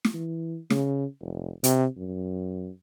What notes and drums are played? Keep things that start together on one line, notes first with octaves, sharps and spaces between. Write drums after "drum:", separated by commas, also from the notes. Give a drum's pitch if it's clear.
drum: snare
E3
C#3, drum: snare
F1
C3, drum: hi-hat
F#2